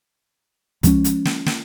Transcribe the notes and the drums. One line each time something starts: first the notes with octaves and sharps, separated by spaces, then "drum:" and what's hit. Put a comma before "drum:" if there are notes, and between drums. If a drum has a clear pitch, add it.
F3 G#3 C#4, drum: kick, hi-hat
drum: hi-hat
drum: snare
drum: snare